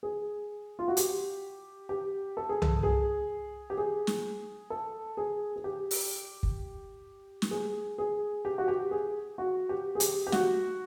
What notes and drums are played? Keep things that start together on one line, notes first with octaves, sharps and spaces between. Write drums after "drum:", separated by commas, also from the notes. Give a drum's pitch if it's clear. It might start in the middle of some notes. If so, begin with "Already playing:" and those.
G#4
F4
F#4
G4, drum: hi-hat
G4
A4
G#4
A4, drum: tom C2
G#4
G4
G#4
drum: snare
A4
G#4
G#4
G4
drum: open hi-hat
drum: kick
drum: snare
G#4
G#4
G4
F#4
G4
G#4
F#4
G4
G#4
G4, drum: hi-hat
G4
F#4, drum: snare